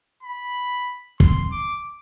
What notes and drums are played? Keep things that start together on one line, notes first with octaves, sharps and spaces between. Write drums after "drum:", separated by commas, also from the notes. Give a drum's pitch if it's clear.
B5
C6, drum: kick
D6